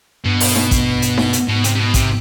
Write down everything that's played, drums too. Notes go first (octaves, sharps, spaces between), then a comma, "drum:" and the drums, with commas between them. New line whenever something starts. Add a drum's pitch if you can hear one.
G2 B2
drum: open hi-hat
drum: snare D#4
drum: kick, hi-hat
drum: hi-hat
drum: snare D#4
drum: hi-hat
G#2 B2
C3, drum: hi-hat
C3
B2
C3, drum: kick, hi-hat